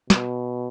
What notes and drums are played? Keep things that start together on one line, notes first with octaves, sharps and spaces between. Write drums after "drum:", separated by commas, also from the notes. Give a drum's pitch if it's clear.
B2, drum: snare